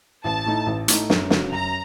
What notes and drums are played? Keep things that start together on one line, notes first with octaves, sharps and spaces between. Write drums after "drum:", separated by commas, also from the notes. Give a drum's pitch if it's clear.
A1 A5
A2 A3 D#4
A1
A2 A3 D#4, drum: hi-hat
F#2, drum: snare
C#3 F#3, drum: snare
F#2 A#5